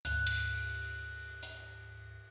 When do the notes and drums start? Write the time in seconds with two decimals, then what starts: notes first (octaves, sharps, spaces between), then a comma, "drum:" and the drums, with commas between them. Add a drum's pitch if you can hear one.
0.05 D2 G#2 F#6, drum: hi-hat
0.27 drum: cymbal
1.43 drum: hi-hat